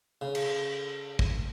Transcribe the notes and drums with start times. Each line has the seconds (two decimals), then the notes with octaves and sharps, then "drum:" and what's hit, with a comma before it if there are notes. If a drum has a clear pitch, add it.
0.21 C#3
0.35 drum: cymbal
1.19 drum: kick